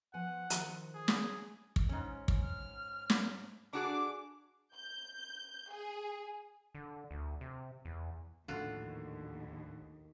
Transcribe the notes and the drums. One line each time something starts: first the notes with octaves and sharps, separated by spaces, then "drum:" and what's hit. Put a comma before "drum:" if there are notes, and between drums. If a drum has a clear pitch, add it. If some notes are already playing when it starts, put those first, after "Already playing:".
F3 B3 F#5 G#5
D#3 F3 C5, drum: hi-hat
G#4
drum: snare
drum: kick
G#2 C#4
drum: kick
F6
drum: snare
D4 F#4 G#4 D6
G6
G#4
D3
D2
C3
E2
A#1 D#2 A2 D3 F4 F#4